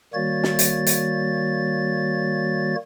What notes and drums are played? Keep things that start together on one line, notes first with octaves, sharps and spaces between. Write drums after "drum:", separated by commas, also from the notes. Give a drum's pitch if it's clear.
D#3 G3 A#3 F#4 C#5 A6
drum: snare
drum: hi-hat
drum: hi-hat